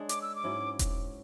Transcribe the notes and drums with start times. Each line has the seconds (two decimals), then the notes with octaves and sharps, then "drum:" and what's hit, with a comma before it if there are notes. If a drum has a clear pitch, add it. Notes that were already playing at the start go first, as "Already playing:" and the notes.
Already playing: G#3 D4 G#4 C#5
0.09 D6, drum: hi-hat
0.22 E6
0.35 D6
0.44 G#2 F#3 C#4 E4
0.79 drum: kick E1, hi-hat